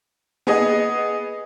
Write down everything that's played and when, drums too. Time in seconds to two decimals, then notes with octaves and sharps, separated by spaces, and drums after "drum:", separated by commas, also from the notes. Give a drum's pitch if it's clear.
0.47 B3 G#4 D#5, drum: tom A#3